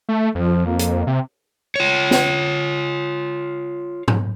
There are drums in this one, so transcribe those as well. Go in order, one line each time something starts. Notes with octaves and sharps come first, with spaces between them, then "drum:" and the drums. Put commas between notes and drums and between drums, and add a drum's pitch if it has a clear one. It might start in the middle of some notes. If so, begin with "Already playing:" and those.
A3
F2 F3
A#3
drum: hi-hat
C3
F4 C#5
drum: snare
drum: tom G#2